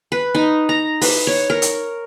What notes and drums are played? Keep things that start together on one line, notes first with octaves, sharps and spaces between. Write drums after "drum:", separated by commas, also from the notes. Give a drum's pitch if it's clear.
B4
D#4
A#5
B4, drum: open hi-hat
C#5
A#4
drum: hi-hat